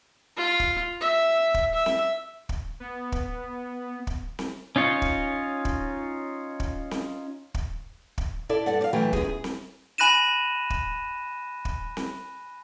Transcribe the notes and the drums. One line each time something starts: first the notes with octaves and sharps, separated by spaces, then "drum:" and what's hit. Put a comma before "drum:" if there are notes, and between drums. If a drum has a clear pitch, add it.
F4
drum: kick
E5
drum: kick
E5
drum: snare C4
drum: kick
B3
drum: kick
drum: kick
drum: snare C4
C#4 D#4 F4 C#5
drum: kick
drum: kick
drum: kick
drum: snare C4
drum: kick
drum: kick
E4 A4 D5
G2 D5 F#5
D5 F5
E3 F#3 A3 G4
F#2 B3 G#4, drum: kick
G#4
drum: snare C4
G#5 B5 F#6 A#6 D#7 E7
drum: kick
drum: kick
drum: snare C4